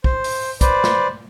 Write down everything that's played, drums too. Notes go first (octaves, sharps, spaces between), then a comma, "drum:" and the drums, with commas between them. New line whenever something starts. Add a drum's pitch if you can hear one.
C5, drum: kick
drum: open hi-hat
B4 C5 D5, drum: kick, hi-hat
drum: snare